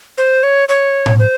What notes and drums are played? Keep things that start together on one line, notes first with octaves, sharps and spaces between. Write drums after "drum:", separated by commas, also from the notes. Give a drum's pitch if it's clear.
C5
C#5
C#5
drum: tom A2
C5